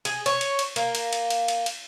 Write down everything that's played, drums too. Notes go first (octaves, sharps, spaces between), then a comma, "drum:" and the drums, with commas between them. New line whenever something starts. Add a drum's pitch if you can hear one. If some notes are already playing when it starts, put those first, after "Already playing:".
G#4, drum: cymbal
C#5, drum: cymbal
drum: cymbal
drum: cymbal
A#3, drum: cymbal
drum: cymbal
drum: cymbal
drum: cymbal
drum: cymbal
drum: cymbal